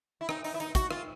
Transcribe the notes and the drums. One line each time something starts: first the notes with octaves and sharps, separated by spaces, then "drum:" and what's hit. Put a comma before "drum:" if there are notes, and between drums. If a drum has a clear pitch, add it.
E4
D#4, drum: rim click
D#4, drum: open hi-hat
E4
D#4, drum: hi-hat
F#4, drum: kick, hi-hat
F4, drum: rim click